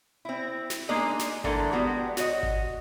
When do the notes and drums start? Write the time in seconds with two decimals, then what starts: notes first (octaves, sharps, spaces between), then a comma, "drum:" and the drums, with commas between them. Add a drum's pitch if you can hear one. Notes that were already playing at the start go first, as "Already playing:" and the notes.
0.25 C4 E4
0.70 drum: snare
0.89 G#3 A#3 D4 D#4 G#4 D#5
1.19 drum: snare
1.44 D3 E3 G#3 A3 A4 A#4, drum: kick G#1
1.72 G3 G#3 B3 F#4
2.17 F#4 C#5 D#5, drum: snare
2.43 drum: kick G#1